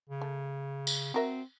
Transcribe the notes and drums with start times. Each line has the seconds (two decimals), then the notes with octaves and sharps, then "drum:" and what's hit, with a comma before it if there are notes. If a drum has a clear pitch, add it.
0.09 C#3
0.22 A3
0.87 drum: tambourine
1.14 C4 F#4 A#4 E5